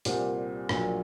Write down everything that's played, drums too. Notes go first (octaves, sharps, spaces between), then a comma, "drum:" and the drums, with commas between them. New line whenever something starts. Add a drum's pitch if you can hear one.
C2 A#2 G3 C4, drum: hi-hat
A#1 A#2 F#3, drum: rim click